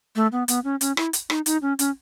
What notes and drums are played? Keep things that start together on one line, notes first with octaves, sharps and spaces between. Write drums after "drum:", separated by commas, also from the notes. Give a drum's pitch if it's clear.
A3
B3
B3, drum: hi-hat
C#4
C#4, drum: hi-hat
E4, drum: rim click
drum: hi-hat
D#4, drum: rim click
D#4, drum: hi-hat
C#4
C#4, drum: hi-hat